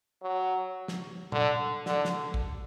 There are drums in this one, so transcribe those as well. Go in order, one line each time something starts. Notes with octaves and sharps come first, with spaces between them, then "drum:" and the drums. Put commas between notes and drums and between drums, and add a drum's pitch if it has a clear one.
F#3
drum: snare
D3, drum: tom A#2
D3, drum: snare
drum: snare
drum: kick A1